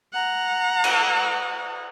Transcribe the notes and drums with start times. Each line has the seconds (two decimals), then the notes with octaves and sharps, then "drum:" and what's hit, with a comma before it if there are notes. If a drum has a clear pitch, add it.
0.13 F#5 A#5
0.84 drum: cymbal